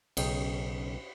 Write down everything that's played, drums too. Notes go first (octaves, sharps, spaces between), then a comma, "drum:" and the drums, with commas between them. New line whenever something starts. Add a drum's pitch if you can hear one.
B1 C#3 D#5 G5, drum: cymbal